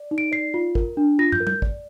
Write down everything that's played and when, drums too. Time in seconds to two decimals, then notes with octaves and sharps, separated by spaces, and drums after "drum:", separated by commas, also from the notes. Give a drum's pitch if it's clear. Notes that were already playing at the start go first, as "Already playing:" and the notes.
Already playing: D5
0.11 D#4
0.18 D7
0.32 D5 C7
0.54 F4
0.75 A#4, drum: kick
0.97 D4
1.19 F4 A#6
1.32 G6, drum: tom
1.40 A#4
1.47 G6, drum: tom G3
1.62 D5, drum: kick